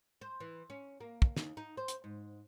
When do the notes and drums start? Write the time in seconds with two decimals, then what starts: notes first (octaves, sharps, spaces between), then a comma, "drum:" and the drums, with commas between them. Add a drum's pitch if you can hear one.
0.21 C5
0.40 E3
0.70 C#4
1.01 A#3
1.22 drum: kick
1.37 D#2, drum: snare
1.57 D#4
1.77 C5
1.88 drum: hi-hat
2.04 G#2